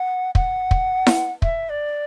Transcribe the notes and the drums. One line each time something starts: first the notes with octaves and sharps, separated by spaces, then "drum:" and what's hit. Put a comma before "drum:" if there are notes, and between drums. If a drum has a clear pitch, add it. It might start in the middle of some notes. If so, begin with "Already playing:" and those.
Already playing: F#5
F#5, drum: kick
drum: kick
drum: snare E4
E5, drum: kick
D5